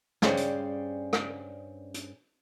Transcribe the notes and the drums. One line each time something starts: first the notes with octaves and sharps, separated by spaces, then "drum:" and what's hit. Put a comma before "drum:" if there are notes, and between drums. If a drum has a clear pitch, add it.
G2 C#4 G#4 C5 D5 G5, drum: snare
drum: hi-hat
drum: rim click
drum: hi-hat